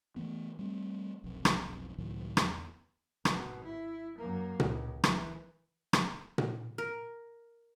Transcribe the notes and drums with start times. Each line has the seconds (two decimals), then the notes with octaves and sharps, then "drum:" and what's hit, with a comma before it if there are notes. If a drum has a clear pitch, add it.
0.16 E3 A3 B3
0.59 G3 A3 C4
1.24 F1 B1 F2
1.45 drum: rim click
1.98 C#2 A2 D#3 F#3
2.37 E2, drum: rim click
3.25 G#1 B2, drum: rim click
3.64 E4
4.18 F#2 A#3
4.60 C#2, drum: tom A#2
5.04 E3, drum: rim click
5.93 drum: rim click
6.38 drum: tom A#2
6.78 A#4